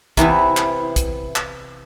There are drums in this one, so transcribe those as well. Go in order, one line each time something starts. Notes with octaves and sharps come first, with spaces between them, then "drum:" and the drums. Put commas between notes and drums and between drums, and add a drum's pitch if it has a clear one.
C3 E3 B3 E4, drum: kick, hi-hat
drum: clap
drum: kick, hi-hat
drum: clap